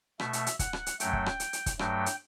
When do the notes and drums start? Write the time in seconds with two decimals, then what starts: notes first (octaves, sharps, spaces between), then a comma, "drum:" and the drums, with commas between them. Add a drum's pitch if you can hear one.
0.20 B2 A3 E5, drum: rim click
0.33 drum: hi-hat
0.46 drum: hi-hat
0.59 F#5, drum: kick, hi-hat
0.73 drum: rim click
0.86 drum: hi-hat
1.00 F#2 F#3 A3 G5, drum: hi-hat
1.13 drum: kick
1.26 drum: rim click
1.40 drum: hi-hat
1.53 drum: hi-hat
1.66 drum: kick, hi-hat
1.79 G2 F#3 A3 G5, drum: rim click
2.06 drum: hi-hat